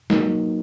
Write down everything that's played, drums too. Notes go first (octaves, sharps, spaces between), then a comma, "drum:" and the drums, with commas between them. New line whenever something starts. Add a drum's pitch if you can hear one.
F#3 A#3 D#4, drum: snare